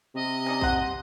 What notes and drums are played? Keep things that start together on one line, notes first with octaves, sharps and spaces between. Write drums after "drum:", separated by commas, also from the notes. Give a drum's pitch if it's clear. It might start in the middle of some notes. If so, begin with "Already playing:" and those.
C3 D#5
C#4 D#4 D5
C5 F#5, drum: kick A#1